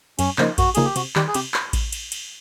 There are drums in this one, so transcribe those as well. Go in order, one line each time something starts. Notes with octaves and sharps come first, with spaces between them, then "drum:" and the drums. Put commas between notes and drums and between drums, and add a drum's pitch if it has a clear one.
F#2 C#4, drum: cymbal
C#3 F3 A#3 D#4, drum: clap
F#2 F#4, drum: kick A1, cymbal
C#3 F3 A#3 D#4 G#4, drum: cymbal
G4
C3 F#4, drum: cymbal
D#3 G3 G4, drum: clap
G#4
C3 G4, drum: cymbal
drum: clap
drum: kick A1, cymbal
drum: cymbal
drum: cymbal